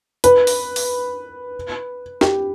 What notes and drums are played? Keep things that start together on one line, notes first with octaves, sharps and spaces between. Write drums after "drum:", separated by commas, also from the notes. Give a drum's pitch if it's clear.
B4, drum: hi-hat
drum: open hi-hat
drum: open hi-hat
G4, drum: snare